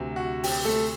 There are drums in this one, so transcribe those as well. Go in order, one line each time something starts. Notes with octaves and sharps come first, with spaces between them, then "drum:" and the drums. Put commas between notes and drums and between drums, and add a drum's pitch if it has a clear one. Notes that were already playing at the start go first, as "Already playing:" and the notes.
Already playing: D2 C3 F#3
F#4
G4, drum: open hi-hat
A3 A4